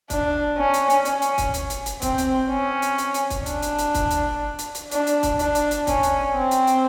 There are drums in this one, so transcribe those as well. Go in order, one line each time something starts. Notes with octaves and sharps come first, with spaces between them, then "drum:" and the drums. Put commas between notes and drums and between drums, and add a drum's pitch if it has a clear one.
D4, drum: kick, hi-hat
C#4
drum: hi-hat
drum: hi-hat
C#4, drum: hi-hat
drum: hi-hat
drum: kick, hi-hat
drum: hi-hat
drum: hi-hat
drum: hi-hat
C4, drum: kick, hi-hat
drum: hi-hat
C#4
drum: hi-hat
drum: hi-hat
drum: hi-hat
drum: kick, hi-hat
D4, drum: hi-hat
drum: hi-hat
drum: hi-hat
drum: kick, hi-hat
drum: hi-hat
drum: hi-hat
drum: hi-hat
D4, drum: hi-hat
drum: hi-hat
drum: kick, hi-hat
D4, drum: hi-hat
drum: hi-hat
drum: hi-hat
C#4, drum: kick, hi-hat
drum: hi-hat
C4
drum: hi-hat
drum: hi-hat